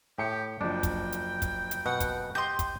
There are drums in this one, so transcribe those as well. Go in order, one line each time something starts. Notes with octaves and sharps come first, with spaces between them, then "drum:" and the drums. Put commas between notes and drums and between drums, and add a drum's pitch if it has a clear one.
A2 G4 G5 C#7
F#1 F3 D4 G5
drum: kick, hi-hat
drum: hi-hat
drum: kick, hi-hat
drum: hi-hat
B2 F#5
drum: kick, hi-hat
G4 D#5 C6 G6
drum: kick, hi-hat